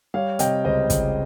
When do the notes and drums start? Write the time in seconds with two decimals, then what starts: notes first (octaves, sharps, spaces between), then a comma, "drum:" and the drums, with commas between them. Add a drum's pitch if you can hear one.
0.14 G3 C#5 F5
0.39 C3 D#5 G5, drum: hi-hat
0.64 C#2 C5 D#5
0.90 C#2, drum: kick, hi-hat